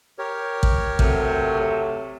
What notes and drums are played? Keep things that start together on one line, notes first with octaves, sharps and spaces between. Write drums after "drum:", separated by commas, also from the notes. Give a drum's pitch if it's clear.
G4 A#4 C#5
drum: kick
C3 F#3 A3, drum: kick